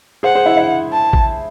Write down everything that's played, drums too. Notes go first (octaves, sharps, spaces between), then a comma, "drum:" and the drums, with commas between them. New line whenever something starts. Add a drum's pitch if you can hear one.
G#4 C5 F#5
G#4 C5
E4
E4
A5
drum: kick A1